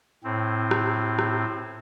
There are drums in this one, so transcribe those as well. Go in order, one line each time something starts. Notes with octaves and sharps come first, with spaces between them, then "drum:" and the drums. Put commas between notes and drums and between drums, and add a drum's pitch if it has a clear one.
A2 C4
drum: rim click
drum: rim click